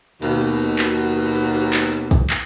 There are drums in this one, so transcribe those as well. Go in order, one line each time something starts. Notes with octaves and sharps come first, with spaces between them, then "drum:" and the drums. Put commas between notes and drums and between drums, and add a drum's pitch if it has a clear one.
D#2 B2, drum: hi-hat
drum: hi-hat
drum: hi-hat
drum: clap
drum: hi-hat
drum: open hi-hat
drum: hi-hat
drum: open hi-hat
drum: clap
drum: hi-hat
drum: kick, hi-hat
drum: clap